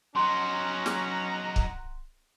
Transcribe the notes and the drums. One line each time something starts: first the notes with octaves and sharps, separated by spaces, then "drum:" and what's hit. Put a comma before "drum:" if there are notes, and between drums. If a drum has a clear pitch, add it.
F#3 C#4 D#4 F#5 A#5 C6
drum: snare
drum: kick